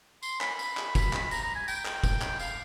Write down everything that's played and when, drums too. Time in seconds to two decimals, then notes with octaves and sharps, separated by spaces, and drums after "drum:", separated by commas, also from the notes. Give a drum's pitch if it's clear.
0.23 C6, drum: tambourine
0.41 B5, drum: clap
0.59 drum: tambourine
0.77 drum: clap
0.95 drum: kick, tambourine
1.13 drum: clap
1.31 A#5, drum: tambourine
1.43 A#5
1.55 G#5
1.68 G5, drum: tambourine
1.85 drum: clap
2.04 drum: kick, tambourine
2.22 drum: clap
2.39 F5, drum: tambourine